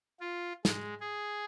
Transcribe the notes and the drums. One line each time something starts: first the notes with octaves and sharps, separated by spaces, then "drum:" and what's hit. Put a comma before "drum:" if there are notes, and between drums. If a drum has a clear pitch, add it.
F4
G#3, drum: snare
G#4